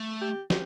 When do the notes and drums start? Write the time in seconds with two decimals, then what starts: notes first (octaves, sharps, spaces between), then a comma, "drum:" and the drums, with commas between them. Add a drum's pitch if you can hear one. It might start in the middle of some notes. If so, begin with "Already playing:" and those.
Already playing: A3
0.21 G4
0.50 G4, drum: snare